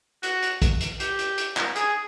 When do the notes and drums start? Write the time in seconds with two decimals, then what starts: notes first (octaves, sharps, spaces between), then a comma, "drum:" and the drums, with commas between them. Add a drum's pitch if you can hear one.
0.23 F#4, drum: hi-hat
0.43 drum: hi-hat
0.62 drum: kick, hi-hat
0.81 drum: hi-hat
1.00 G4, drum: hi-hat
1.19 drum: hi-hat
1.38 drum: hi-hat
1.57 drum: clap
1.76 G#4, drum: hi-hat